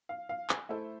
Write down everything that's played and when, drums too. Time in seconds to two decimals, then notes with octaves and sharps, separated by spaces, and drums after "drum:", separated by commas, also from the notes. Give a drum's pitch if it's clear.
0.09 F5
0.29 F5
0.50 G#5, drum: clap
0.69 A3 E4 A4 C5 E5